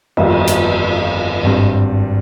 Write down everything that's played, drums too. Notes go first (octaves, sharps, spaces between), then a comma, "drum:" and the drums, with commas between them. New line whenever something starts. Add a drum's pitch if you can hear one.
G1 F2 D#3 G3 A#3, drum: cymbal
drum: hi-hat
G#1 G2 G3 C4